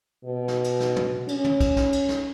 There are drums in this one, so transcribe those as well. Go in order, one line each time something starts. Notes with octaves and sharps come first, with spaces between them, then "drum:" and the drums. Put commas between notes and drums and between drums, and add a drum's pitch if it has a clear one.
B2
drum: snare
drum: cymbal
drum: snare
drum: tom
C#4, drum: cymbal
drum: tom
drum: kick, cymbal
drum: snare
drum: cymbal
drum: snare